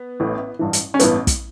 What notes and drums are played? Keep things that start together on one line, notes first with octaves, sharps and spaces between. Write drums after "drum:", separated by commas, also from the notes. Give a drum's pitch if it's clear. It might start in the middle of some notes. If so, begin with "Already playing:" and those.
Already playing: B3
A1 A2 E3
A1 G2 E3
drum: hi-hat
C#4
A1 G2 E3 B3, drum: hi-hat
drum: kick, hi-hat